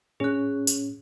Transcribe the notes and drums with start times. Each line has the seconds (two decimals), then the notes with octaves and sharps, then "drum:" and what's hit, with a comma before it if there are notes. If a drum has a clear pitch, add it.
0.20 A2 C#4 G#4 F#6
0.67 drum: tambourine